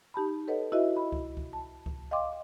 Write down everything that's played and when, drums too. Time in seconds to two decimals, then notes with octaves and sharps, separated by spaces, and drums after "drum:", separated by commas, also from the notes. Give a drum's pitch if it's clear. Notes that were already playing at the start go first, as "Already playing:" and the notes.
0.14 D#4 G4 A5 B5
0.48 A4 B4 C#5 D#5 F#5
0.72 E4 F#4 B4 D#5 E5
0.97 B5
1.12 drum: kick C#2
1.37 drum: kick C#2
1.53 A5
1.86 drum: kick C#2
2.11 D#5 F5 G5 C6 D6